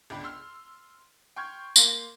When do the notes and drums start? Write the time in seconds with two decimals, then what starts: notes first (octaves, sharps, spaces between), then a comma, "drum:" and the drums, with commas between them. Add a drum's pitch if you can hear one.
0.10 G1 C#2 D4 G5 B5
0.24 C6 E6 F6
1.36 G5 C6 C#6 F6 G6 G#6
1.76 A#3 F5 C6, drum: tambourine